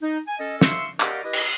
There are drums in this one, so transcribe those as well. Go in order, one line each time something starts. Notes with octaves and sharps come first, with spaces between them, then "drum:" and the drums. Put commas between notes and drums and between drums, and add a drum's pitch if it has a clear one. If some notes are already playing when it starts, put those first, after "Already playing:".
D#4
G#5
C#4 A4 D#5
E5 F5 C6 C#6 E6, drum: snare
G4 A#4 D5 D#5 F5 F#5, drum: clap
E4 G4 B4 D#5
drum: cymbal